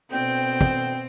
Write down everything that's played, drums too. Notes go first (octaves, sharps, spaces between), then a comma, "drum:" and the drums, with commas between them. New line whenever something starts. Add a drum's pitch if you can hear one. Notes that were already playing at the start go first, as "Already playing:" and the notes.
D2 B2 C4 G5
drum: kick